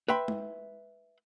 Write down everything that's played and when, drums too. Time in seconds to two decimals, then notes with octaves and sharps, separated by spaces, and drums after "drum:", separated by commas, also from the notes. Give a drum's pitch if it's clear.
0.08 B4 E5 G5 B5 C6
0.28 drum: tom G#3